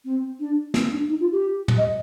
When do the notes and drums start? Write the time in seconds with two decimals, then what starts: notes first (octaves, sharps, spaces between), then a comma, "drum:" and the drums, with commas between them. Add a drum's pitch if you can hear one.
0.05 C4
0.39 D4
0.74 C4, drum: snare
0.91 D4
1.09 D#4
1.20 F4
1.31 G4
1.68 drum: tom
1.77 D#5